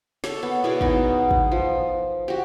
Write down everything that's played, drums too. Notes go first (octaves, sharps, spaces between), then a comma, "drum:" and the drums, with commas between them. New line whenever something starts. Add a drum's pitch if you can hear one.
A4 C#5, drum: snare
B3
B2 E4 G#4 D5
B3 D#4, drum: kick
drum: kick
F3
F#4 G4